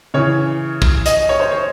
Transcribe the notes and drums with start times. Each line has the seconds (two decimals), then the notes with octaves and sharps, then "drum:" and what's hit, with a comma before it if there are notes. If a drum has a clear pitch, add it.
0.14 C#3 E3 C#5
0.82 drum: kick
1.06 D#5, drum: hi-hat
1.29 C#5
1.40 C5
1.51 C#5